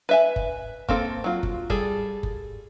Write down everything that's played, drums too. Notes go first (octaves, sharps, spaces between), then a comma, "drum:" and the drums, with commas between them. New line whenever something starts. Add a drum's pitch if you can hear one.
B4 E5 G#5
drum: kick F#1
A#3 C4 A4, drum: kick F#1
F#3 F4
drum: kick F#1
G3 G#4 A4, drum: kick F#1
drum: kick F#1